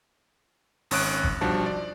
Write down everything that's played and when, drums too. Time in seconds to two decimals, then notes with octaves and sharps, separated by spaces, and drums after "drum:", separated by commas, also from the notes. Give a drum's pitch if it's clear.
0.91 G#1 C#4 C#6 D#6 F#6 D7, drum: open hi-hat
1.24 drum: kick
1.41 B1 F3 G3 D4 F#4 A5
1.66 D5